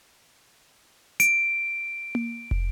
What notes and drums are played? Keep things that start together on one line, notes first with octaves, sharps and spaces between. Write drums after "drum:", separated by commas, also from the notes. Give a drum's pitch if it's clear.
D7, drum: hi-hat
drum: tom A#3
drum: kick